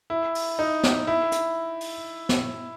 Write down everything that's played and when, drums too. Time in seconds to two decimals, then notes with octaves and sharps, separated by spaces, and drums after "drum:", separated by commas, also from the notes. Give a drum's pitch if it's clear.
0.10 E4
0.35 drum: open hi-hat
0.59 D#4
0.83 drum: snare
1.07 E4
1.32 drum: hi-hat
1.81 drum: open hi-hat
2.29 drum: snare